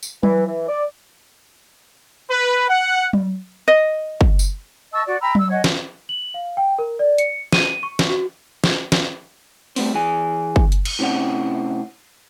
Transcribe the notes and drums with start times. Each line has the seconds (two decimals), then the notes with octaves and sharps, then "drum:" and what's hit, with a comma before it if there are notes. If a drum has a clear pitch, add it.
0.03 drum: tambourine
0.23 E3, drum: tom F#3
0.47 E3
0.69 D5
2.30 B4
2.69 F#5
3.13 drum: tom F#3
3.68 D#5
4.21 drum: kick
4.39 drum: tambourine
4.93 D#5 A5 C#6 E6
5.06 F#4 D5
5.21 G5 A#5 B5 E6
5.35 E6, drum: tom F#3
5.50 C#5 D#5 F#5 G#5
5.64 drum: snare
6.09 F#7
6.34 F5
6.57 G5
6.79 A#4
6.99 D5
7.18 C#7, drum: hi-hat
7.52 D#7, drum: snare
7.83 C#6
7.99 drum: snare
8.09 F#4
8.64 drum: snare
8.92 drum: snare
9.76 G3 A3 B3 C4, drum: open hi-hat
9.94 E3 G#4 G#5
10.56 drum: kick
10.72 drum: hi-hat
10.85 drum: cymbal
10.99 A2 C3 C4 C#4 F#5